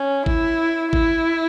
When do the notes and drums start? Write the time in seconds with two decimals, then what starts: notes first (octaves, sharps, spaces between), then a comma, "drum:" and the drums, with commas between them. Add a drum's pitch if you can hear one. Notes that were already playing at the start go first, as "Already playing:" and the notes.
Already playing: C#4
0.26 E4, drum: kick G#1
0.93 E4, drum: kick G#1